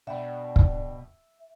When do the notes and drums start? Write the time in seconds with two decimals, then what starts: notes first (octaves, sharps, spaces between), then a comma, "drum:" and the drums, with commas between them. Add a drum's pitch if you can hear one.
0.07 B2 D4 E5 F#5 G5 B5
0.56 drum: kick